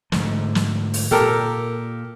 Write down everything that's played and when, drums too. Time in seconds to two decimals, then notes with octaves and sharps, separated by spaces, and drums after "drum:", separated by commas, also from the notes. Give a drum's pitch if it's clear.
0.12 G#2 D3 A3, drum: snare
0.55 drum: snare
0.94 drum: open hi-hat
1.11 A#2 G4 A4 A#4